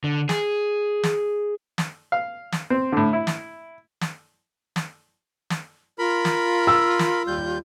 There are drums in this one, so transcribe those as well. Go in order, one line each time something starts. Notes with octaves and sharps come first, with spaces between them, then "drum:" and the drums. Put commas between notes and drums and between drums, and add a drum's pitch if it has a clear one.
D3
G#4, drum: snare
drum: snare
drum: snare
F5
drum: snare
C4
A2 D3
E4
drum: snare
drum: snare
drum: snare
drum: snare
F4 A#4 B5
drum: snare
E6
drum: snare
D#2 G3 G6